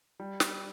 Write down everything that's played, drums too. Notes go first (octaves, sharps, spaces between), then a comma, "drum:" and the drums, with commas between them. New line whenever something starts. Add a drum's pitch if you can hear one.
G3
drum: snare